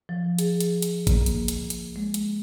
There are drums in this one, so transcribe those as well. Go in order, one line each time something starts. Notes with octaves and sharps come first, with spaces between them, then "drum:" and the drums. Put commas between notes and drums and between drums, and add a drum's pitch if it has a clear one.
F3
G#4, drum: hi-hat
drum: hi-hat
drum: hi-hat
A#3, drum: kick G#1, hi-hat
drum: hi-hat
drum: hi-hat
drum: hi-hat
G#3
drum: hi-hat